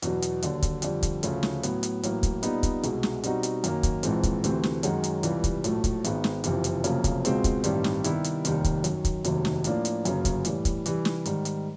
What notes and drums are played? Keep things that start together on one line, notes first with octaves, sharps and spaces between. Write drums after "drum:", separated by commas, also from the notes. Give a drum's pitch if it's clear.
E2 B2 F#3, drum: hi-hat
drum: hi-hat
D#2 D3 F#3, drum: hi-hat
drum: kick, hi-hat
F2 D3 G3, drum: hi-hat
drum: kick, hi-hat
D2 C#3 F3 A3, drum: hi-hat
drum: snare
A2 F#3 B3, drum: hi-hat
drum: hi-hat
A1 A2 F#3 A#3, drum: hi-hat
drum: kick, hi-hat
A#2 G3 B3 D#4, drum: hi-hat
drum: kick, hi-hat
C2 B2 G#3, drum: hi-hat
drum: snare
B2 G3 C4 D#4 F#4, drum: hi-hat
drum: hi-hat
F#2 D#3 F#3 A#3, drum: hi-hat
drum: kick, hi-hat
A#1 G#2 E3 G#3 C4, drum: hi-hat
drum: kick, hi-hat
D2 C3 E3 A3 C4, drum: hi-hat
drum: snare
F#2 D#3 G#3 C#4 F#4, drum: hi-hat
drum: hi-hat
C#2 C3 E3 G3, drum: hi-hat
drum: kick, hi-hat
A#1 A2 F#3 A3, drum: hi-hat
drum: kick, hi-hat
G#1 G#2 D#3 G#3 B3, drum: hi-hat
drum: snare
F#1 F2 C3 E3, drum: hi-hat
drum: hi-hat
F1 F2 C#3 F#3 A#3, drum: hi-hat
drum: kick, hi-hat
C#2 B2 G#3 C4, drum: hi-hat
drum: kick, hi-hat
A1 G2 D#3 G3 C4, drum: hi-hat
drum: snare
C3 D#3 G3 B3 E4, drum: hi-hat
drum: hi-hat
F1 D#2 D#3 G3, drum: hi-hat
drum: kick, hi-hat
F#2 D#3 F#3, drum: hi-hat
drum: kick, hi-hat
F1 D#2 D#3 F#3, drum: hi-hat
drum: snare
A2 F3 A#3 D4, drum: hi-hat
drum: hi-hat
G1 F#2 C#3 F#3 A#3, drum: hi-hat
drum: kick, hi-hat
A2 E3 G3, drum: hi-hat
drum: kick, hi-hat
C3 E3 G3, drum: hi-hat
drum: snare
G#2 D#3 G3, drum: hi-hat
drum: hi-hat